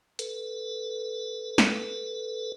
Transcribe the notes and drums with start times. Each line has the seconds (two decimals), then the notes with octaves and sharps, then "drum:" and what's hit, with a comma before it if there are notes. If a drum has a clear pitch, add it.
0.19 A4 B4, drum: hi-hat
1.58 drum: snare